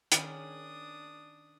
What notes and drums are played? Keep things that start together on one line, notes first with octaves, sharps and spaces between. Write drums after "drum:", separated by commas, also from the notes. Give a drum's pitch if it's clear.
D#3 C#4 D4 G#4 D#6, drum: hi-hat